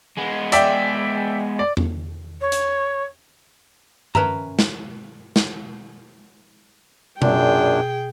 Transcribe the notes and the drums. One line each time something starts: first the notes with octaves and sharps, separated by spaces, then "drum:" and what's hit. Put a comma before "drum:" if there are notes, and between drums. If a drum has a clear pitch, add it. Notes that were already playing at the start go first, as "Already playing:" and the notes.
G#3 B3
D5 E5 G5, drum: hi-hat
D5
drum: tom E2
C#5
drum: hi-hat
C#4 A#4 B4 E5 A5 A#5, drum: tom G2
drum: snare
drum: snare
F#2 A#2 D4 G#4 G5, drum: tom B2